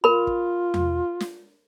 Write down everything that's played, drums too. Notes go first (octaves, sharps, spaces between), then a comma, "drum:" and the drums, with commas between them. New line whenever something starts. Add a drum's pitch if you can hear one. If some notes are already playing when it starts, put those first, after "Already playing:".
F4 A#4 B5
drum: kick
drum: tom E2
drum: snare